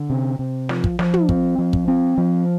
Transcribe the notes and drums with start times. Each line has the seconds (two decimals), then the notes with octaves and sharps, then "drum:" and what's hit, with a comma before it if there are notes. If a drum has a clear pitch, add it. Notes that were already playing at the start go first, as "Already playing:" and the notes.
Already playing: D3
0.10 C3
0.39 C3
0.69 F3, drum: snare
0.84 drum: kick
0.99 F3, drum: snare
1.14 drum: tom
1.29 C4, drum: kick
1.58 F3
1.73 drum: kick
1.88 C4
2.18 F3